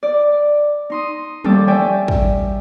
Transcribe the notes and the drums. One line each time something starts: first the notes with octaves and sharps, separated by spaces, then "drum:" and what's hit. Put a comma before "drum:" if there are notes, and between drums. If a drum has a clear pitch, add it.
D5
D#4 C6 D#6
D#2 G3 A4 D6, drum: tom
C#5 D5 E5 G5 G#5
drum: kick